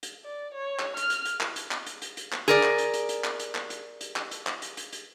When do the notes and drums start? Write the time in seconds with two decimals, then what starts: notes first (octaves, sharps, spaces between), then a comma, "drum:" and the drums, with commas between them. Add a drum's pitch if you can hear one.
0.03 drum: hi-hat
0.25 D5
0.54 C#5
0.79 drum: clap
0.97 F6, drum: hi-hat
1.10 drum: hi-hat
1.25 drum: hi-hat
1.41 drum: clap
1.56 drum: hi-hat
1.71 drum: clap
1.86 drum: hi-hat
2.02 drum: hi-hat
2.17 drum: hi-hat
2.32 drum: clap
2.48 G#4 A#4 D5
2.63 drum: clap
2.78 drum: hi-hat
2.94 drum: hi-hat
3.09 drum: hi-hat
3.24 drum: clap
3.40 drum: hi-hat
3.55 drum: clap
3.70 drum: hi-hat
4.01 drum: hi-hat
4.16 drum: clap
4.31 drum: hi-hat
4.47 drum: clap
4.62 drum: hi-hat
4.77 drum: hi-hat
4.93 drum: hi-hat